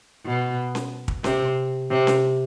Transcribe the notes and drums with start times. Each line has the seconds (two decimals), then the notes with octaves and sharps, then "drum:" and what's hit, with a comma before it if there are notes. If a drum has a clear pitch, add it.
0.25 B2
0.75 drum: snare C#4
1.08 drum: kick
1.24 C3, drum: snare C#4
1.91 C3
2.07 drum: snare C#4